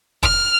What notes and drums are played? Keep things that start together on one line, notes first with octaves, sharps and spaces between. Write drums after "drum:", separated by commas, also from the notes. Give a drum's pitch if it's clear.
F6, drum: kick, hi-hat